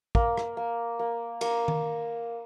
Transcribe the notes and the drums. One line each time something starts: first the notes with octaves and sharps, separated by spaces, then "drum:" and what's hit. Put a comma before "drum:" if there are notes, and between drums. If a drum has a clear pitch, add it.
A#3, drum: kick
drum: rim click
A#3
A#3
A#3, drum: cymbal
drum: tom D#3